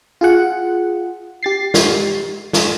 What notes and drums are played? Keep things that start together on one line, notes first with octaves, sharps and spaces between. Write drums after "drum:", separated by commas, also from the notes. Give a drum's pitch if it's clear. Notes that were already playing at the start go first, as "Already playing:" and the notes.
F4 G#4 F#5
G4 A6 C7
drum: snare
drum: snare